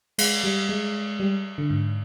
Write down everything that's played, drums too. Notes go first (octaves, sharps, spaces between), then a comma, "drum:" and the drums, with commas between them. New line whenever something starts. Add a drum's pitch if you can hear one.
G#3, drum: cymbal
G3
G#3
G3
D3
G#2